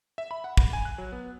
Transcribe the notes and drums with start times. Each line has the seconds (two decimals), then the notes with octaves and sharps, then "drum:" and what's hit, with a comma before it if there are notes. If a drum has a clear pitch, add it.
0.18 E5
0.31 B5
0.44 F#5
0.57 B5, drum: kick
0.73 G#5
0.85 F#6
0.98 F#3
1.12 B3